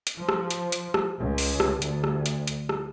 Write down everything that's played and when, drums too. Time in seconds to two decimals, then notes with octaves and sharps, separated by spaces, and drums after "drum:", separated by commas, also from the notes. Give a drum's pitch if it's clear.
0.07 drum: hi-hat
0.18 F3
0.29 drum: rim click
0.50 drum: hi-hat
0.72 drum: hi-hat
0.94 drum: rim click
1.19 C#2
1.38 drum: open hi-hat
1.60 drum: rim click
1.82 D2, drum: hi-hat
2.04 drum: rim click
2.26 drum: hi-hat
2.47 drum: hi-hat
2.69 drum: rim click